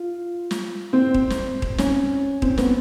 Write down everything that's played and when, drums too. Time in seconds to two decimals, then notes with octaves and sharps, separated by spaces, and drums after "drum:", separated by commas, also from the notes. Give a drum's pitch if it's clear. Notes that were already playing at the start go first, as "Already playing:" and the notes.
Already playing: F4
0.51 drum: snare
0.93 C4
1.14 drum: kick D#1
1.30 drum: snare
1.62 drum: kick D#1
1.78 C#4, drum: snare
2.42 C4, drum: kick D#1
2.58 B3, drum: snare